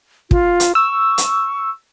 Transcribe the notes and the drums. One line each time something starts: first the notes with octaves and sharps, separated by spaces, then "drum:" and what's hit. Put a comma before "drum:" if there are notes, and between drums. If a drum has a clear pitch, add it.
F4, drum: kick
drum: hi-hat
C#6 E6
drum: hi-hat